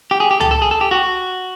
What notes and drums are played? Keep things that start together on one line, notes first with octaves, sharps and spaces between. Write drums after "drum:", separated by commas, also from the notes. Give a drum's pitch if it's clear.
G4
G#4
G4
A4, drum: tom
A4
G#4
A4
G4
F#4